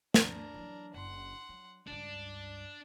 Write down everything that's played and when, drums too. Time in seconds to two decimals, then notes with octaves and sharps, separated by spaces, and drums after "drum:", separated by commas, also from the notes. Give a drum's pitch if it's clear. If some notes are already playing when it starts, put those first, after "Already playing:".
0.14 D4 A#4, drum: snare
0.54 E3 F#3
0.94 F#1 F#5 C6
1.49 F#3
1.87 C#2 G2 D4 D5